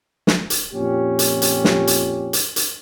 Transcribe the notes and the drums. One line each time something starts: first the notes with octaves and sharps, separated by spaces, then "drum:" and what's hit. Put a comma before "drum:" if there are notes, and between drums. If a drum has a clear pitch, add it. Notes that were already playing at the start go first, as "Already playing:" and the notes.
drum: snare
drum: hi-hat
F2 A#2 C#4 G4
drum: hi-hat
drum: hi-hat
drum: snare
drum: hi-hat
drum: hi-hat
drum: hi-hat